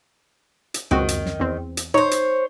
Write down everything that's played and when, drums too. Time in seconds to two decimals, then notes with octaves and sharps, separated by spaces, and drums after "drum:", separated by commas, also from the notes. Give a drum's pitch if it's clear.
0.74 drum: hi-hat
0.91 C#2 D#3 C4 F#4, drum: tom
1.08 drum: hi-hat
1.26 drum: snare
1.40 E2 C4
1.77 drum: hi-hat
1.94 D#4 C5 C#5
2.11 drum: hi-hat